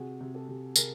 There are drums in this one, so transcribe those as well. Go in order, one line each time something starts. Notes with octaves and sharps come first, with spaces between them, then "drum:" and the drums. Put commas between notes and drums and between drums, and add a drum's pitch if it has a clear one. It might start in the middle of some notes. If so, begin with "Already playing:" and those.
Already playing: C3 F#4 G#4
C3
G4 A4
C3
C3 G#4 A#4, drum: tambourine